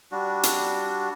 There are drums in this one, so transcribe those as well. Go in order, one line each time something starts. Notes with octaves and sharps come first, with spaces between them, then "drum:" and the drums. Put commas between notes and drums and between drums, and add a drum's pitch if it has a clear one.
G3 D4 F#4
drum: hi-hat